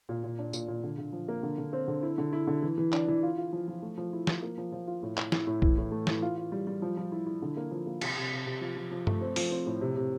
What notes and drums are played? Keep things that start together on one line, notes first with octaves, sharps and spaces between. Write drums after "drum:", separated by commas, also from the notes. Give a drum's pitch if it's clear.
A#2
A#2
D4
A#2, drum: tambourine
A#2
D3
D3
F3
A#3
D3
D3
C4
D3
E4
D3
E4
D3
E3
E3
D4, drum: clap
E3
F4
F4
F3
F3
A3
F3
E4
F3, drum: snare
A#3
F3
F3
F4
A2
A2, drum: clap
E4, drum: snare
A2
E3, drum: kick A#1
A2
A3
E3, drum: snare
F4
F4
G3
G3
F3
F3
E4
E4
D3
A#3
F3
A#3
C3, drum: cymbal
C3
C3
C3
F3
F3
F3
A3, drum: tom G2
C4
F3, drum: open hi-hat
C4
A2
C3
C3